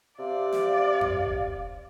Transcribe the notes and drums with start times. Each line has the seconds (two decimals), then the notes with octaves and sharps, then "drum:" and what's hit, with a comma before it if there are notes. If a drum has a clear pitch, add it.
0.19 C3 D5 F5
0.52 drum: snare
1.01 drum: tom F2
1.26 drum: kick E1